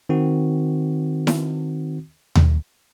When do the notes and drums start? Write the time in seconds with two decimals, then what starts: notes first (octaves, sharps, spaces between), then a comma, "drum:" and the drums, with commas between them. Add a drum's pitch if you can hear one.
0.09 D#3 C4 F#4
1.27 drum: snare E4
2.35 drum: tom D#2